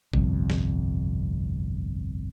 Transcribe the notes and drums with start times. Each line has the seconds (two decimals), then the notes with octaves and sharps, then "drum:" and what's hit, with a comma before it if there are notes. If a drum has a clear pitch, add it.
0.14 G1 C2 F2, drum: kick G#1
0.50 drum: snare